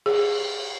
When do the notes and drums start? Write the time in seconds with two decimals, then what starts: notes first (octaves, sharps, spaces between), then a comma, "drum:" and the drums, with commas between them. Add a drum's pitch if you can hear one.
0.06 G#4, drum: cymbal